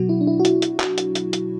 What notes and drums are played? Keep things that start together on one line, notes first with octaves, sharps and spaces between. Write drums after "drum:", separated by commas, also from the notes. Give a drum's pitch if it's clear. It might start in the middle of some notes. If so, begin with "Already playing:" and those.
Already playing: B2 F#3 F#4
E4
D4
E4
F#4
E4, drum: hi-hat
drum: hi-hat
drum: clap
drum: hi-hat
drum: hi-hat
drum: hi-hat